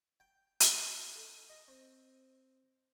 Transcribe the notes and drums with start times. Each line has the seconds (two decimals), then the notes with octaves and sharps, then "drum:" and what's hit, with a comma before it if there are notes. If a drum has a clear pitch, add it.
0.20 G5
0.60 drum: hi-hat
0.80 D#5
1.15 A4
1.50 D#5
1.68 C4